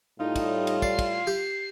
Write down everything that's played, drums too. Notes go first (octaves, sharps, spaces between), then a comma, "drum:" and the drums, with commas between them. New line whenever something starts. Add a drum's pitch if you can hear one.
A2 G3 D#4 F4
drum: kick, cymbal
drum: cymbal
D5 C7, drum: kick
drum: kick, cymbal
G4